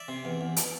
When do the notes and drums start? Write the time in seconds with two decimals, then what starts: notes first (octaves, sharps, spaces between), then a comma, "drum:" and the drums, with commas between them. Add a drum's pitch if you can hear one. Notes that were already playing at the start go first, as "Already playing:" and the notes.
Already playing: D5 E5
0.08 C3
0.25 E2
0.41 E2
0.56 drum: hi-hat